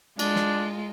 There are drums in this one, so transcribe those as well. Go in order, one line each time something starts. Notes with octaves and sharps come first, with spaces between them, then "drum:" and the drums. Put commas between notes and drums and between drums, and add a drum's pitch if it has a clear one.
G#3 D4 F4, drum: cymbal
drum: snare